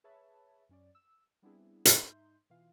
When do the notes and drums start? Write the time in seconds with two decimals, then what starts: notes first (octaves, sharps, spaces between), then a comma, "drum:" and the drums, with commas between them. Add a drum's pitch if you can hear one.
0.04 G#4 B4 C#5 E5 A5 B5
0.69 F#2 C#4 D5
0.95 E6
1.42 G3 B3 C4 D4 E4 G#4
1.85 drum: hi-hat
1.96 G#2 D#4 E5 C6 G6
2.50 B2 E3 F4 F5